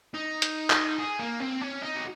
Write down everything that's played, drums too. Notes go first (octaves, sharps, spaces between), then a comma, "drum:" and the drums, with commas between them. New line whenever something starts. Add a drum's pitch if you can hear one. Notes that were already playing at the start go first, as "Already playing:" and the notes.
D#4
drum: hi-hat
drum: clap
G#4
A#3
C4
C#4
D#4
F#4